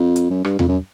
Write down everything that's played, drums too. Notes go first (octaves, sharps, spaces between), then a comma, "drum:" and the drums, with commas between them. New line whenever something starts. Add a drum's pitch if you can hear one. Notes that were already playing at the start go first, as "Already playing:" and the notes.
Already playing: F2
drum: hi-hat
F#2
G2, drum: rim click
F2, drum: tom E2
F#2